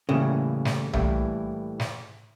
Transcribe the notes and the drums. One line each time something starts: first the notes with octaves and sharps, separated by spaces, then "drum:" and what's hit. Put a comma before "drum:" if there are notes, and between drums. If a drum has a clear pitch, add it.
A2 C#3 E3 G3 A#3 E4
drum: snare
A2 E3 G3 A#3 E4, drum: tom B1
drum: snare